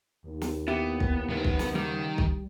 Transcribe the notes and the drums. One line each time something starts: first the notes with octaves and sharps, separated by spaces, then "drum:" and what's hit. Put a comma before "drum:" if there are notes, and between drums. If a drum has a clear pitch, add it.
D#2
drum: snare
B3 E4 G4
drum: kick
C#3 B3 A#4
drum: kick
drum: snare
D#3 G3
drum: kick